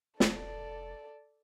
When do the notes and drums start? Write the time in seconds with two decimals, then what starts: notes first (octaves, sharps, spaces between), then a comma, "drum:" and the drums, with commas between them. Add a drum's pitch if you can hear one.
0.20 F1 A4 D5, drum: snare